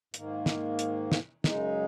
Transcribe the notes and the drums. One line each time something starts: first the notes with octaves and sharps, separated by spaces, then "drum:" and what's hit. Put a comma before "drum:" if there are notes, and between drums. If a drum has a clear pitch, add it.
G#2 D#3 A#3, drum: hi-hat
drum: snare
drum: hi-hat
drum: snare
F#2 C#3 G#3 D#4, drum: snare